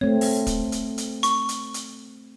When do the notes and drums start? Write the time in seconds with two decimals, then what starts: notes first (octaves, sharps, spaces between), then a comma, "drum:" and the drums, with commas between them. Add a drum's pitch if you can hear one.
0.01 A3 C4 C#5
0.21 drum: open hi-hat
0.47 drum: kick, hi-hat
0.72 drum: hi-hat
0.98 drum: hi-hat
1.23 C#6, drum: hi-hat
1.49 drum: hi-hat
1.74 drum: hi-hat